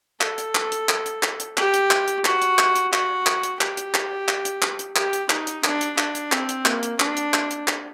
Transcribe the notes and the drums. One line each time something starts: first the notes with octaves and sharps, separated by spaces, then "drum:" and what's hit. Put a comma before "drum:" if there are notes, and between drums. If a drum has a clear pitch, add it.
A4, drum: clap
drum: hi-hat
drum: clap
drum: hi-hat
drum: clap
drum: hi-hat
drum: clap
drum: hi-hat
G4, drum: clap
drum: hi-hat
drum: clap
drum: hi-hat
F#4, drum: clap
drum: hi-hat
drum: clap
drum: hi-hat
F#4, drum: clap
drum: clap
drum: hi-hat
G4, drum: clap
drum: hi-hat
drum: clap
drum: clap
drum: hi-hat
drum: clap
drum: hi-hat
G4, drum: clap
drum: hi-hat
D#4, drum: clap
drum: hi-hat
D4, drum: clap
drum: hi-hat
D4, drum: clap
drum: hi-hat
C4, drum: clap
drum: hi-hat
A#3, drum: clap
drum: hi-hat
D4, drum: clap
drum: hi-hat
drum: clap
drum: hi-hat
drum: clap